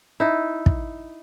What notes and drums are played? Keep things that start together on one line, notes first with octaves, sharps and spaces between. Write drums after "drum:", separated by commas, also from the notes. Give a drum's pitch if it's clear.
D#4 E4
drum: kick